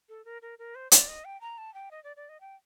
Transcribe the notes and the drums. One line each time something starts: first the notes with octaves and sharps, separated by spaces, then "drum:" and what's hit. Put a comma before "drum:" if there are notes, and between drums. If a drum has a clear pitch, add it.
A4
A#4
A#4
A#4
C5
D5, drum: hi-hat
D#5
G5
A#5
A5
G5
D#5
D5
D5
D#5
G5